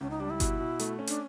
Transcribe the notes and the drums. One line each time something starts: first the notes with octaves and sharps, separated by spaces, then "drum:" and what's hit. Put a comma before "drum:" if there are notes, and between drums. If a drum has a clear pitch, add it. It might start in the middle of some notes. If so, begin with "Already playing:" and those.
C#2 C#4
D#4
G3 D4
E4
B2, drum: kick G1, hi-hat
B2
A3, drum: hi-hat
C#4
D4, drum: hi-hat